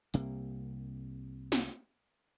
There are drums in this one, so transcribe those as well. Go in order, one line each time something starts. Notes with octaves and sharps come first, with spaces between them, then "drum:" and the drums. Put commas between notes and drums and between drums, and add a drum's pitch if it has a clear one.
C2 C3 A#3, drum: hi-hat
drum: snare